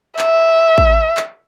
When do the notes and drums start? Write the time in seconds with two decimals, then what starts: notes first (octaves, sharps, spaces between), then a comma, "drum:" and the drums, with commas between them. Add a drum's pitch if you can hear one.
0.19 E5, drum: clap
0.78 drum: kick A1
1.17 drum: clap